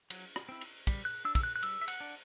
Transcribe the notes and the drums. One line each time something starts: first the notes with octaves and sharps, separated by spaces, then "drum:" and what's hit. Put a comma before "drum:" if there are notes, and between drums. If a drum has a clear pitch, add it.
F#3, drum: cymbal
drum: rim click
C4 E4
drum: cymbal
G3, drum: kick, cymbal
F#6
D4 E6
E6, drum: kick, cymbal
F#6
F#6
G3 E6, drum: cymbal
E5
F#5, drum: cymbal
D4